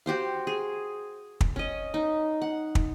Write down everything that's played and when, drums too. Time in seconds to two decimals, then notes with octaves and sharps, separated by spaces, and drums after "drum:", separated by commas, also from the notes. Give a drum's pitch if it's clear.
0.06 F#4 G4 C5 F5
0.47 G#4
1.41 drum: kick
1.56 C#4 D#5
1.94 D#4
2.42 F#5
2.75 drum: kick